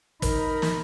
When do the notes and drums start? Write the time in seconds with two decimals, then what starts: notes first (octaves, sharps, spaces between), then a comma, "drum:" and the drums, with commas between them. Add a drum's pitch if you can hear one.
0.22 D#4 A#4 B5, drum: kick, hi-hat
0.62 drum: snare